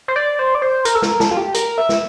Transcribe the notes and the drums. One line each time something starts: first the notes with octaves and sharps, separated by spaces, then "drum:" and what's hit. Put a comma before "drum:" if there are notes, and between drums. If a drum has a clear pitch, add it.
C5
D5
C5
D5
C5
A#4, drum: hi-hat
A4
A#4, drum: snare
A4, drum: snare
F4
G4
A#4, drum: hi-hat
E5
drum: snare